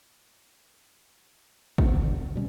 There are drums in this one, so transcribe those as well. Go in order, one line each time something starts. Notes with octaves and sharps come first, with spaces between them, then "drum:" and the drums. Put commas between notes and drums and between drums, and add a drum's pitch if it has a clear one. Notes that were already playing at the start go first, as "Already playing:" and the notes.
D#1 B3, drum: kick
E1 D3
B2 G3 C#4